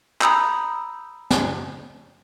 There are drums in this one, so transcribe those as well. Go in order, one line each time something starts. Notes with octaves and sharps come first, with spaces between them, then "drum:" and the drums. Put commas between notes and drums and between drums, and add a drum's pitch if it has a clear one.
A#5 B5 D#6 E6 G6, drum: clap
drum: snare